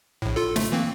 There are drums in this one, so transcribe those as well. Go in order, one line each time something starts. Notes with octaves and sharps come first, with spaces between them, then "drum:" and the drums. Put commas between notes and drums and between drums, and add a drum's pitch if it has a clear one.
A#1 A2
F4 A4
A3, drum: snare
E3 A#3 C4